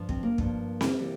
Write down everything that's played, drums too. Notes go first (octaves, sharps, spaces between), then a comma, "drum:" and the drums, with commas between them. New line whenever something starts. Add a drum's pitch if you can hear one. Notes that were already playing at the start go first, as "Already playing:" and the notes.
Already playing: G2 F3
C4, drum: kick
A#3
G2 F3 A#3, drum: kick
drum: snare C4
C3 E3 G3 A#3